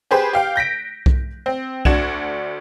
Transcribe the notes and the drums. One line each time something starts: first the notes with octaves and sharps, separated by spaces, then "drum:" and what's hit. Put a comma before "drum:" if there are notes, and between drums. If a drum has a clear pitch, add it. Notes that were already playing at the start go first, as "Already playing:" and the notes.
G4 G#4 B4 C5
G4 F5 G5
G6 A#6 B6 D7
drum: kick B1
C4
D2 D4 F#4 G#6 E7, drum: kick B1